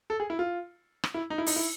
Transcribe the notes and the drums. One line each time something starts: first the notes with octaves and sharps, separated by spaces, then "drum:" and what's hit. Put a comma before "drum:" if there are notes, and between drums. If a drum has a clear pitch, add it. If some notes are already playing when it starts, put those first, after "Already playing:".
A4
G#4
E4
F4
drum: rim click
E4
D#4
E4
D#4, drum: open hi-hat
E4